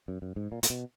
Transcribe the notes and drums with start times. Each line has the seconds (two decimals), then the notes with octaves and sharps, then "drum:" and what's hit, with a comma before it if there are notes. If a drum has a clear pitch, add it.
0.08 F#2
0.22 F#2
0.36 G#2
0.52 A#2
0.63 A#2, drum: hi-hat
0.70 B2